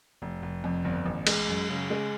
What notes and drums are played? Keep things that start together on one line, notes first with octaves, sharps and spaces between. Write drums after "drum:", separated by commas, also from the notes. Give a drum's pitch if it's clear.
F1
F1
F2
G1
A1
G#3, drum: cymbal
F#2
C#3
G#3